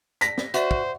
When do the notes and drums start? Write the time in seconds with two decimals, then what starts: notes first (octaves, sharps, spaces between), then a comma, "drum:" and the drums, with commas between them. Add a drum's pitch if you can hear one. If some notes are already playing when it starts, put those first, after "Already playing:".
0.21 A#6 B6, drum: hi-hat
0.38 drum: snare
0.54 F#4 C5 D5 E5, drum: hi-hat
0.71 drum: kick